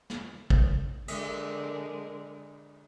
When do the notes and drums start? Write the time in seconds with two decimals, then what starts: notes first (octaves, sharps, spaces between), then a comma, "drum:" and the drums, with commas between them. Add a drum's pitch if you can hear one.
0.10 drum: snare
0.50 drum: kick
1.08 D3 G#3 A#4, drum: cymbal